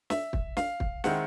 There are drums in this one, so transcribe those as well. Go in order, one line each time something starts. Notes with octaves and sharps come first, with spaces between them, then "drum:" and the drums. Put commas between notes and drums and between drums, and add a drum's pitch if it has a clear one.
E5, drum: snare
drum: kick
F5, drum: snare
drum: kick
D#3 G#3 C4 E4 F#5, drum: snare